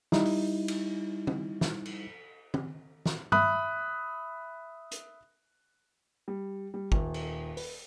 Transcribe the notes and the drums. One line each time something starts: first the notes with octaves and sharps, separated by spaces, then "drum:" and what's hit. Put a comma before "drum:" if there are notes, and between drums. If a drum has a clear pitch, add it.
G3 D#4 E4, drum: snare
drum: open hi-hat
drum: cymbal
drum: tom
drum: snare
drum: cymbal
drum: tom
drum: snare
E5 B5 D#6 F#6, drum: tom G2
drum: hi-hat
G3
G3
D#1, drum: kick
drum: cymbal
B4, drum: open hi-hat